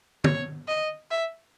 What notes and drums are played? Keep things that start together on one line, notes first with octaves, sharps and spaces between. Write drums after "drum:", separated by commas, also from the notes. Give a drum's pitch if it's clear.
C#5, drum: tom
D#5
E5